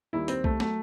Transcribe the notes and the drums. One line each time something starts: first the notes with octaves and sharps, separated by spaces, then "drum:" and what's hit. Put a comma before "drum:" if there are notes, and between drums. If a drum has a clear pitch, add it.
D#2 D#3 G3 E4
C4, drum: hi-hat
A3, drum: kick
F#3 A3, drum: snare